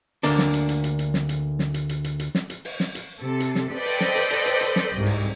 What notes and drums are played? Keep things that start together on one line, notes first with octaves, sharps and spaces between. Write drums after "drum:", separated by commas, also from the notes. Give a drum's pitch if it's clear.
D2 D3 A#3 D4, drum: open hi-hat
drum: snare
drum: hi-hat
drum: hi-hat
drum: hi-hat
drum: hi-hat
drum: snare
drum: hi-hat
drum: snare
drum: hi-hat
drum: hi-hat
drum: hi-hat
drum: hi-hat
drum: snare
drum: hi-hat
drum: open hi-hat
drum: snare
drum: hi-hat
C3 A4
drum: hi-hat
drum: snare
A4 B4 C5 D5 D#5 G5
drum: open hi-hat
drum: snare
drum: hi-hat
drum: hi-hat
drum: hi-hat
drum: hi-hat
drum: snare
C2 G#2 C3
drum: open hi-hat